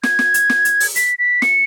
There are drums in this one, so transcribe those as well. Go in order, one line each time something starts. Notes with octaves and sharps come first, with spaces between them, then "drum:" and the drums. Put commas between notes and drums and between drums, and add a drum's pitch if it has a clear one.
G#6, drum: snare
drum: snare
drum: hi-hat
drum: snare
drum: hi-hat
drum: open hi-hat
B6, drum: hi-hat
B6
C#7, drum: snare